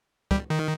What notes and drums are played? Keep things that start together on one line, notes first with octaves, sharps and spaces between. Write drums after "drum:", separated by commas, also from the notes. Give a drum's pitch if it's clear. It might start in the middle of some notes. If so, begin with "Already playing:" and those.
G3, drum: kick
D#3